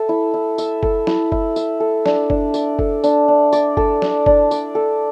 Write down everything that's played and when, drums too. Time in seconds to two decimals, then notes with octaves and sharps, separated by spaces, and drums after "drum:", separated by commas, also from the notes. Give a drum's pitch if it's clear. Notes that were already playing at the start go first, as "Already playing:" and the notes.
Already playing: A4 E5
0.09 E4
0.34 E4
0.58 E5, drum: tambourine
0.83 A4, drum: kick F#1
1.07 E4, drum: snare
1.32 E4, drum: kick F#1
1.56 E5, drum: tambourine
1.80 A4
2.06 D4, drum: snare
2.30 D4, drum: kick F#1
2.54 D5, drum: tambourine
2.79 A4, drum: kick F#1
3.04 D4, drum: tambourine
3.28 D4
3.53 D5, drum: tambourine
3.77 A4, drum: kick F#1
4.02 D4, drum: snare
4.26 D4, drum: kick F#1
4.51 D5, drum: tambourine
4.75 A4